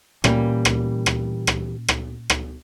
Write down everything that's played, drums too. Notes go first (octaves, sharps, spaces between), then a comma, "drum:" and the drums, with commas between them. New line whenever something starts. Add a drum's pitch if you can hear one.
A#2 E3 G3 A#3 C#4, drum: rim click
drum: rim click
drum: rim click
drum: rim click
drum: rim click
drum: rim click